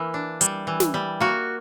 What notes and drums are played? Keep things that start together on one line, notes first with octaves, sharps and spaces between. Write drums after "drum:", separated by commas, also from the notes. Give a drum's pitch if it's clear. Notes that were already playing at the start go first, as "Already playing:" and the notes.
Already playing: E3 A#3 E4
D4
G3, drum: hi-hat
E3
drum: snare
G3
A#3 F#4